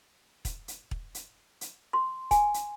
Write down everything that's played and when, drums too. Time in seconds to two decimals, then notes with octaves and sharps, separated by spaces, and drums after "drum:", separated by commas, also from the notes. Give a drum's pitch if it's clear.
0.45 drum: kick, hi-hat
0.68 drum: hi-hat
0.91 drum: kick
1.15 drum: hi-hat
1.61 drum: hi-hat
1.93 C6
2.31 G#5, drum: kick, hi-hat
2.54 drum: hi-hat